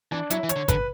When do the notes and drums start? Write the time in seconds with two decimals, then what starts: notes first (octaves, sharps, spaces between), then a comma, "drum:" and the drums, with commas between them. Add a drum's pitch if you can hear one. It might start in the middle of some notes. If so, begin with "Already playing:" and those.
0.12 E3 D4
0.30 F#3 E4, drum: hi-hat
0.44 E3
0.49 C#5, drum: hi-hat
0.56 D3
0.68 D3 B4, drum: kick G#1, hi-hat